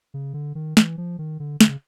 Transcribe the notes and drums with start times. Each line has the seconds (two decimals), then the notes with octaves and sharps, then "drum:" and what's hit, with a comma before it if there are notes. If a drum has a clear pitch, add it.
0.14 C#3
0.34 D3
0.55 D#3
0.77 E3, drum: snare
0.98 F3
1.19 D#3
1.40 D3
1.61 D3, drum: snare
1.69 C#3